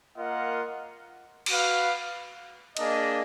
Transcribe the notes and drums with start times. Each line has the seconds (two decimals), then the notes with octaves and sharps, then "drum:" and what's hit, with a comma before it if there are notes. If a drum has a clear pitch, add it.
0.16 A#3 F4 A#4 D#5 F#5
1.46 F#4 B4 F5, drum: cymbal
2.77 A#3 D4 G#4 D#5, drum: cymbal